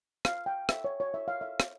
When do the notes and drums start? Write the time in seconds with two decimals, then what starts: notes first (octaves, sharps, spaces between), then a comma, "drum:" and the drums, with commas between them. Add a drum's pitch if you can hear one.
0.25 F5, drum: rim click
0.46 G5
0.69 E5, drum: rim click
0.84 C#5
1.00 C#5
1.14 E5
1.28 F5
1.41 E5
1.60 drum: rim click